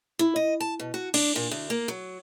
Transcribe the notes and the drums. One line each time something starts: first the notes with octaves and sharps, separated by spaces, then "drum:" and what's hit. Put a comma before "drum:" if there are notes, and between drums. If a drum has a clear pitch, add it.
E4
D#5
A5
B2
F#4
D4, drum: cymbal
A#2
D2
A#3
F#3